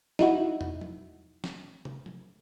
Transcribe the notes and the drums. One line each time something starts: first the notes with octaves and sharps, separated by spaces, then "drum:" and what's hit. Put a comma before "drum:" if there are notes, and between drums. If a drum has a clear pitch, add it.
D#4 E4 F#4, drum: snare
drum: tom
drum: tom F3
drum: snare
drum: tom
drum: tom F3